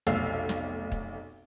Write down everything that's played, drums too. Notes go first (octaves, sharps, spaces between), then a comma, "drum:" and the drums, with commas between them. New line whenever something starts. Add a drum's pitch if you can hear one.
F1 B1 A3 F5 E6, drum: snare
drum: snare
drum: kick